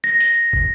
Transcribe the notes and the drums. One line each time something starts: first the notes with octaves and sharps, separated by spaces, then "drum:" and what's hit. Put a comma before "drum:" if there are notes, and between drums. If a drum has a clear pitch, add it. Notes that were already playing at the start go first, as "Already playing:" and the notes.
A#6
drum: hi-hat
drum: kick